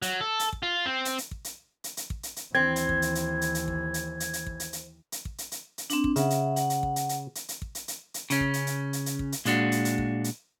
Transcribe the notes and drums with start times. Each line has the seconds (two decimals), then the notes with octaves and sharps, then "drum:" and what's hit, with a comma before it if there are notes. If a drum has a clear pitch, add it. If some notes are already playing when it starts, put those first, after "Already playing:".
0.02 F#3, drum: hi-hat
0.21 A4
0.39 drum: hi-hat
0.53 drum: kick
0.63 F4
0.86 C4
1.05 drum: hi-hat
1.18 drum: hi-hat
1.31 drum: kick
1.44 drum: hi-hat
1.84 drum: hi-hat
1.97 drum: hi-hat
2.10 drum: kick
2.23 drum: hi-hat
2.36 drum: hi-hat
2.55 D#2 E3 C4 G#6
2.76 drum: hi-hat
2.89 drum: kick
3.02 drum: hi-hat
3.15 drum: hi-hat
3.41 drum: hi-hat
3.55 drum: hi-hat
3.68 drum: kick
3.94 drum: hi-hat
4.20 drum: hi-hat
4.33 drum: hi-hat
4.46 drum: kick
4.60 drum: hi-hat
4.73 drum: hi-hat
5.12 drum: hi-hat
5.25 drum: kick
5.38 drum: hi-hat
5.52 drum: hi-hat
5.78 drum: hi-hat
5.90 C4 D4, drum: hi-hat
6.04 drum: kick
6.16 C#3 E5 F#5, drum: hi-hat
6.30 drum: hi-hat
6.56 F#5, drum: hi-hat
6.70 drum: hi-hat
6.83 drum: kick
6.96 drum: hi-hat
7.09 drum: hi-hat
7.35 drum: hi-hat
7.48 drum: hi-hat
7.62 drum: kick
7.75 drum: hi-hat
7.88 drum: hi-hat
8.14 drum: hi-hat
8.30 C#3 C#4, drum: hi-hat
8.40 drum: kick
8.54 drum: hi-hat
8.67 drum: hi-hat
8.93 drum: hi-hat
9.06 drum: hi-hat
9.19 drum: kick
9.32 drum: hi-hat
9.45 A#2 G#3 D4 F#4, drum: hi-hat
9.72 drum: hi-hat
9.85 drum: hi-hat
9.98 drum: kick
10.24 drum: hi-hat